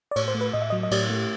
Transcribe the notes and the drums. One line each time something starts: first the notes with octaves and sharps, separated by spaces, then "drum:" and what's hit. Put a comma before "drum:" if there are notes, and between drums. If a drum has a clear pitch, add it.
D5
A2 C#5, drum: cymbal
C5
A3
B4
A2 D#5
E5
F#3 D#5
D#5
A2 D5, drum: cymbal
A3